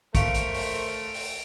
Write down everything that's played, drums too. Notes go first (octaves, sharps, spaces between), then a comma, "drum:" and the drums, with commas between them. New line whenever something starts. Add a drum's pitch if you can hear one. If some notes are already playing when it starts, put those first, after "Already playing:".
A3 A#4 C5 F5 C#6 C#7 D7 F7, drum: kick, hi-hat
drum: hi-hat
drum: open hi-hat
drum: open hi-hat